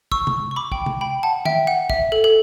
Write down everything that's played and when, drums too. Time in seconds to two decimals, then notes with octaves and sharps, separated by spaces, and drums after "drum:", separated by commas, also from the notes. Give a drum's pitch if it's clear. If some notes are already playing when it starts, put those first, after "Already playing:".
0.12 C#6 E6, drum: kick
0.27 drum: tom
0.51 C#6
0.56 B5 D6
0.72 G5 B5, drum: kick
0.86 drum: tom
1.01 G5 B5
1.23 F#5 A5
1.45 E5 G5, drum: tom
1.67 F#5
1.90 E5, drum: kick
2.12 A4
2.24 A4